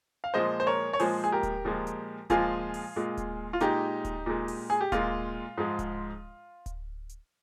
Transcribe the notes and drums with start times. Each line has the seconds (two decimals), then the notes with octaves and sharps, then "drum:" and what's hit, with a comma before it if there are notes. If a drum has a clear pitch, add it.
0.24 F5
0.34 A#2 F3 G#3 C5 D#5
0.60 C5
0.67 A#4 C#5
0.93 C#5
1.00 A#2 F3 G#3 G#4 C5, drum: open hi-hat
1.24 G#4
1.32 G4 A#4
1.43 drum: kick D1, hi-hat
1.65 A#2 F3 G#3
1.87 drum: hi-hat
2.30 A#2 F3 G#3 F4 G#4, drum: kick D1, hi-hat
2.74 drum: open hi-hat
2.96 A#2 G#3
3.17 drum: kick D1, hi-hat
3.53 F4
3.60 A#2 G#3 D#4 G4, drum: hi-hat
4.05 drum: kick D1, hi-hat
4.26 A#2 G#3
4.48 drum: open hi-hat
4.70 G#4
4.81 G4
4.92 A#2 G#3 F4, drum: kick D1, hi-hat
5.58 G#2 F3 G#3
5.79 drum: kick D1, hi-hat
6.66 drum: kick D1, hi-hat
7.09 drum: hi-hat